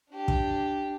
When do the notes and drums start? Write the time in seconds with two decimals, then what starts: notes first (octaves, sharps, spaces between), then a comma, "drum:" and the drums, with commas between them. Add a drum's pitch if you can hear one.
0.10 D4 G4
0.28 drum: kick